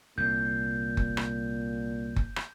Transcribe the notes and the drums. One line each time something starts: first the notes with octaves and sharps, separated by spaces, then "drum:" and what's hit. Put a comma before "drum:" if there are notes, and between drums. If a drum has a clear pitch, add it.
C2 A#2 G6
drum: kick F#1
drum: rim click
drum: kick F#1
drum: rim click